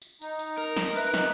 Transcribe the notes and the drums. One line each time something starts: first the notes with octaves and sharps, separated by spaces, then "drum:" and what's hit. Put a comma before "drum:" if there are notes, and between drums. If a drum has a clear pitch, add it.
drum: tambourine
D#4, drum: tambourine
drum: tambourine
A#4
drum: snare
B4 E5, drum: tambourine
D#5, drum: snare